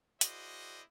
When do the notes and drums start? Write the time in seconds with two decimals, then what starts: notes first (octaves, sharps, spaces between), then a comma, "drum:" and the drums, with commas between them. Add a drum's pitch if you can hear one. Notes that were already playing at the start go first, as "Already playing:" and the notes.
0.21 E4 F#4 G#4 C5 D5 D#5, drum: hi-hat